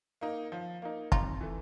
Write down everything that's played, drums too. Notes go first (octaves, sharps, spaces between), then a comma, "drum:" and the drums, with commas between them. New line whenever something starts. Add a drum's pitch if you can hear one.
A#3 D#4
F3
A#3 D#4
C3 D#4 F4, drum: kick
E3 A3